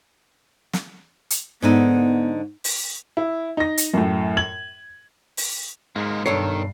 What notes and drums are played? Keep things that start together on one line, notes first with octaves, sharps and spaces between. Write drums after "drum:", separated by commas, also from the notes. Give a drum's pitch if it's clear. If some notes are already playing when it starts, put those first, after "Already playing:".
drum: snare
drum: hi-hat
G#2 D3 B3 D#4
drum: open hi-hat
E4
D#4 A#6
drum: hi-hat
F#2 A2
G#6 F#7
drum: open hi-hat
G#2 G#3 A#3
B1 G2 D#3 D4 A4 C#5 C7